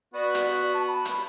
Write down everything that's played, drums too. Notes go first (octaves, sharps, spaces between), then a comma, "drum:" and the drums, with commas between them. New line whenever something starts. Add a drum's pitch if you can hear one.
B3 F#4 D5
drum: hi-hat
A5
B5
drum: hi-hat